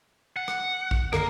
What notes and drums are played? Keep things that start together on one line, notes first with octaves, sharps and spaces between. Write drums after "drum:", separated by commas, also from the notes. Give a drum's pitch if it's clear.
F#5
drum: rim click
drum: kick A#1
F#2 D3 D#3 A#3 A#4, drum: rim click